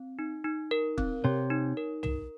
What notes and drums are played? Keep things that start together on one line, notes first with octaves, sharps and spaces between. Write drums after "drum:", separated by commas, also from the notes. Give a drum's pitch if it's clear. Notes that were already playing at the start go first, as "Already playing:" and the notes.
Already playing: C4
D#4
D#4
A#4
C4, drum: kick
C3 C#5
D#4
A#4
A#4, drum: tom